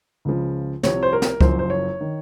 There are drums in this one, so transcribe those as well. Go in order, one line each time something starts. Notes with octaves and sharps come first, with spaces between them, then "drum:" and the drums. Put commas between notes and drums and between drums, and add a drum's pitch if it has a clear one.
C#2 C#3 F3
C2 C3 F3 C#5, drum: snare
C5
A#4
drum: snare
F#1 F#2 F3 C5, drum: kick C#2
C5
C#5
D#3